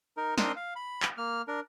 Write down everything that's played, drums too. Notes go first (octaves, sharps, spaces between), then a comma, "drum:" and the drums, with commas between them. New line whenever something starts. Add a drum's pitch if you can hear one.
D#4 A#4
C4 D4 D#4 A#4 C6 D#6, drum: snare
F5
B5
drum: clap
A#3 F6
D4 A#4